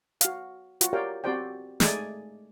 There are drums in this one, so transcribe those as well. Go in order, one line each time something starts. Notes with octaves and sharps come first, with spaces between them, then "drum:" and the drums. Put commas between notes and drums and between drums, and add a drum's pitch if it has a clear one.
F#4 F5, drum: hi-hat
F4 F#4, drum: hi-hat
G4 A#4 C#5 D5 F5 G5
C4 F#4 G4 C5 D5 G5
G#3 A3 D#4 G#4 D5 G#5, drum: snare